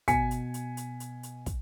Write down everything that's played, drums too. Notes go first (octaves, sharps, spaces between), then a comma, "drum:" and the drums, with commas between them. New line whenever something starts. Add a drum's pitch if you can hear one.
B2 G#5 B6 C#7, drum: kick, hi-hat
drum: hi-hat
drum: hi-hat
drum: hi-hat
drum: hi-hat
drum: hi-hat
drum: kick, hi-hat